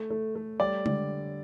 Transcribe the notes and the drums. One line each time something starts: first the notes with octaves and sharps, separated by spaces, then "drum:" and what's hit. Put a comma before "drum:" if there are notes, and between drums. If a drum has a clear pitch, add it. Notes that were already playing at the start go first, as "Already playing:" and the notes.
Already playing: A3
A3
A3
G3 D5
D3, drum: tom G#3